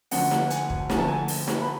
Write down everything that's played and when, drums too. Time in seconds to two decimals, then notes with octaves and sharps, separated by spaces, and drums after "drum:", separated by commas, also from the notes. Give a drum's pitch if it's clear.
0.11 D2 D3 F3 A3 F#5, drum: open hi-hat
0.31 drum: snare
0.50 G#5, drum: hi-hat
0.70 drum: kick
0.90 D2 D3 F3 A3 G#5, drum: snare
0.98 A5
1.08 G#5
1.28 drum: open hi-hat
1.48 drum: snare
1.62 B5